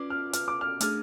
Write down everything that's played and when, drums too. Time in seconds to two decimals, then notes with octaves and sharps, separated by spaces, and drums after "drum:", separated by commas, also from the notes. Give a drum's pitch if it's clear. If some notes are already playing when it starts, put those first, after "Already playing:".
Already playing: C#4 F4 B4 D5 D6
0.10 F6
0.33 F6, drum: hi-hat
0.48 D6
0.61 F6
0.81 A3 D4 G#4 F6, drum: hi-hat